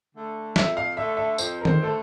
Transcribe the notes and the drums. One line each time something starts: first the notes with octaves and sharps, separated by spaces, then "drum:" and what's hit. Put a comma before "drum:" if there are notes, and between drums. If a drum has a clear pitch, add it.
D3 A3
F2 E5, drum: snare
F5
D3 A3 E5
E5
F2 C5, drum: tambourine
A#4
C5, drum: tom D#3
D3 A3 A4